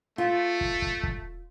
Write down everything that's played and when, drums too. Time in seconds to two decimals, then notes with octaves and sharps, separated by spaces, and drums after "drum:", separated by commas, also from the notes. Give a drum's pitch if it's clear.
0.18 A3 F4
0.61 drum: kick
0.82 drum: kick
1.03 drum: kick